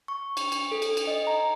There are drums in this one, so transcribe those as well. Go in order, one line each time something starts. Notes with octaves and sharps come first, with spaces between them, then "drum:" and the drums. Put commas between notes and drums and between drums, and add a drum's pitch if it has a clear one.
C#6
drum: cymbal
drum: cymbal
A4
drum: cymbal
drum: cymbal
D#5
A#5